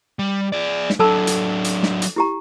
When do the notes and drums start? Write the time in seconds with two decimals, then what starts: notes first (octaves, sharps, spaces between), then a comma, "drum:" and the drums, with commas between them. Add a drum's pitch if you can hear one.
0.19 G3
0.53 G#4 D5
0.90 drum: snare
0.99 F#3 D4 A4 A5 E6
1.27 drum: hi-hat
1.64 drum: hi-hat
1.83 drum: snare
2.02 drum: hi-hat
2.16 E4 G4 A#5